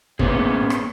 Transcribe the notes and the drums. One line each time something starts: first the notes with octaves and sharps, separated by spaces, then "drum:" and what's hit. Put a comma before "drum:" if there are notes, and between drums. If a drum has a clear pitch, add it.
A#3 B3 C#4 G#4, drum: kick
drum: rim click